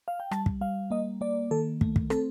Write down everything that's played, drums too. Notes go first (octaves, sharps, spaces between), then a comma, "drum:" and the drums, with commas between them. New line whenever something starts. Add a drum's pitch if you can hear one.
F5
G5
G3 A5, drum: rim click
drum: kick
G3 F5
A#3 D#5
A#3 D5
D#3 A4
A3, drum: kick
drum: kick
C4 A4, drum: rim click